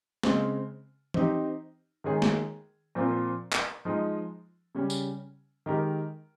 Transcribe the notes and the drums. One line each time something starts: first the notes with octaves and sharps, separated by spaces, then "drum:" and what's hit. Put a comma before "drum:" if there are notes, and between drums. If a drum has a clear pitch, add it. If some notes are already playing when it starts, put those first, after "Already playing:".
C#3 G#3 C4, drum: snare
C4 D#4 G4, drum: tom E3
D#3 G#3 D#4 G#4 C#5
drum: snare
A#2 F3 C4 F4 A#4
drum: clap
F3 G#3 D#4
C#3 G3 C#4
drum: tambourine
D#3 G#3 D#4 G4 A#4